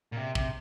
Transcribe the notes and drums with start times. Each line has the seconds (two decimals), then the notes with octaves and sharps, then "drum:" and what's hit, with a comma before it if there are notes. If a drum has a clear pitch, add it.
0.12 A#2
0.17 C3
0.35 C3, drum: kick